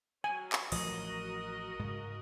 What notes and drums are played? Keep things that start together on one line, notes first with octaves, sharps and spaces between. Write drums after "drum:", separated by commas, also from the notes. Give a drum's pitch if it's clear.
F#3 C#4 G#5
drum: clap
A1 F3 F#3 F#4 A#4 D#5 D#6, drum: open hi-hat
G#2 C#3